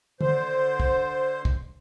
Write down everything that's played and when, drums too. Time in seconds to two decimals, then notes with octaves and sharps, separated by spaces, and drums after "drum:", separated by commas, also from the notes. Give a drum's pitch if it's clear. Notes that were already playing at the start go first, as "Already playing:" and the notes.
0.21 D3 C5, drum: tom D3
0.80 drum: kick
1.45 drum: kick